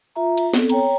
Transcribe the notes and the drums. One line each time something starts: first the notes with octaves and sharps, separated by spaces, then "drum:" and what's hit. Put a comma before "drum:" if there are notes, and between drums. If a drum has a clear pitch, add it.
F4 E5 A#5
drum: cymbal
B3 C4 A4, drum: snare
C#5 G5 A#5, drum: cymbal